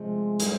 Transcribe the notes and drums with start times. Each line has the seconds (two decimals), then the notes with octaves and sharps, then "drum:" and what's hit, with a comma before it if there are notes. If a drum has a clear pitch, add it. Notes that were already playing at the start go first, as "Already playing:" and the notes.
Already playing: C3 F3 G#3 A3
0.39 G3 C4 E4, drum: hi-hat